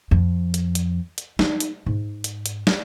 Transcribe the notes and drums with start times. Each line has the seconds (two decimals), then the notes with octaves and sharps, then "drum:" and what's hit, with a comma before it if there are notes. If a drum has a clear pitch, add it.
0.11 F2
0.54 drum: hi-hat
0.75 drum: hi-hat
1.18 drum: hi-hat
1.39 D#4, drum: snare
1.60 drum: hi-hat
1.86 G#2
2.24 drum: hi-hat
2.46 drum: hi-hat
2.67 drum: snare